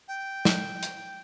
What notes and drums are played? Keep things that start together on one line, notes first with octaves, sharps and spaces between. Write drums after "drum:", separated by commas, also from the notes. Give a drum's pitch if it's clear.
G5
drum: snare
drum: hi-hat